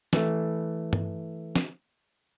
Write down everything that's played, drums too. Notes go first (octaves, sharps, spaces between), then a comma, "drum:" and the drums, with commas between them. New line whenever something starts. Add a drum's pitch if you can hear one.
E3 A3, drum: snare
drum: tom G2
drum: snare